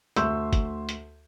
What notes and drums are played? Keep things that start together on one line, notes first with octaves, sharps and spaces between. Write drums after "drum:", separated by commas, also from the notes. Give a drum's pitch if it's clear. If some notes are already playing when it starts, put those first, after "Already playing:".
D2 E5 C6 C#6 E6 G6, drum: hi-hat
drum: kick G1, hi-hat
drum: hi-hat